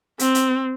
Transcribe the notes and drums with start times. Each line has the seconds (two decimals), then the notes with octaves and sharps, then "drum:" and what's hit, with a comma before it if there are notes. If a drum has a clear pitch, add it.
0.19 C4, drum: hi-hat
0.35 drum: hi-hat